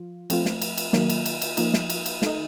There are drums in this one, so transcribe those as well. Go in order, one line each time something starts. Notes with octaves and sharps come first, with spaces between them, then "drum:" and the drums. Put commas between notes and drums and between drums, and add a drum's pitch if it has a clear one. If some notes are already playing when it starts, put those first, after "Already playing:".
Already playing: F3 F4
F3 A3 C4 F4, drum: cymbal
drum: snare
drum: cymbal
drum: cymbal
D#3 F#3 A#3, drum: snare
drum: cymbal
drum: cymbal
drum: cymbal
F3 A#3 D#4, drum: cymbal
drum: snare
drum: cymbal
drum: cymbal
D#3 A3 D#4, drum: snare